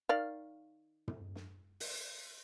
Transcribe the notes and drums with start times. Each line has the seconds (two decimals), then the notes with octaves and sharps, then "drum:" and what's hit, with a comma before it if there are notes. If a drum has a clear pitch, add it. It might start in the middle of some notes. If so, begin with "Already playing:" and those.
0.09 D#3 D5 F5
1.08 drum: tom
1.35 drum: snare
1.80 drum: open hi-hat